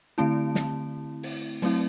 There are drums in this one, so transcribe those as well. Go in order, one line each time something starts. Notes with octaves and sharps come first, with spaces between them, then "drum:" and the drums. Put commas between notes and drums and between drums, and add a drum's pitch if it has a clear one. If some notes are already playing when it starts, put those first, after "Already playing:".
D3 A3 C4 E4 A5
drum: snare
drum: open hi-hat
F#3 A3 C4 E4, drum: open hi-hat